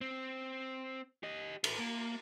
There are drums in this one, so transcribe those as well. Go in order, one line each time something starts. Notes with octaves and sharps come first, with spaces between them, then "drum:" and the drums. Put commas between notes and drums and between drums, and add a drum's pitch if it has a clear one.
C4
G4 D#5
A4 B4, drum: cymbal
A#3